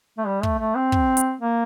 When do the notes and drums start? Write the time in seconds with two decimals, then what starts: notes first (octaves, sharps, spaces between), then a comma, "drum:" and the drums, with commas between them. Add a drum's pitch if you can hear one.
0.18 A3
0.27 G3
0.43 A3, drum: kick
0.59 A3
0.76 C4
0.92 drum: kick
1.17 drum: hi-hat
1.41 A#3